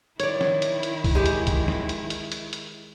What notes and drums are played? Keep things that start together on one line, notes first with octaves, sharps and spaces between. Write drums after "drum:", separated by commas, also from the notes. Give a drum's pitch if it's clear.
D#3 E4 C#5 D5, drum: hi-hat
drum: snare
drum: hi-hat
drum: hi-hat
drum: kick C2, open hi-hat
G#3 G4
drum: hi-hat
drum: kick C2, hi-hat
drum: snare
drum: hi-hat
drum: hi-hat
drum: hi-hat
drum: hi-hat